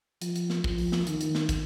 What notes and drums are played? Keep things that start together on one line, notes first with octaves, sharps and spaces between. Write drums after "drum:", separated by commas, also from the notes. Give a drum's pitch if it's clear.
F3, drum: hi-hat
drum: hi-hat
drum: snare
F3, drum: kick
drum: open hi-hat
drum: snare
D#3, drum: hi-hat
drum: hi-hat
drum: snare
drum: kick, hi-hat